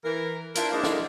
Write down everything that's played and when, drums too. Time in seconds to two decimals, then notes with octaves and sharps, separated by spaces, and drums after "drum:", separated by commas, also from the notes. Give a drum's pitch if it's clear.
0.05 E3 A#4
0.55 D4 E4 F4 A#4 C5, drum: hi-hat
0.72 F3 G#3 A#3 D4 E4
0.83 drum: snare